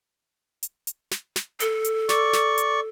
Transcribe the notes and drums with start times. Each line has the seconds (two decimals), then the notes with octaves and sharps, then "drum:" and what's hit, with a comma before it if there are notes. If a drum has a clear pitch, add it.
0.63 drum: hi-hat
0.87 drum: hi-hat
1.11 drum: snare
1.36 drum: snare
1.60 A4, drum: hi-hat
1.85 drum: hi-hat
2.09 D5 C#6, drum: snare
2.33 drum: snare
2.58 drum: hi-hat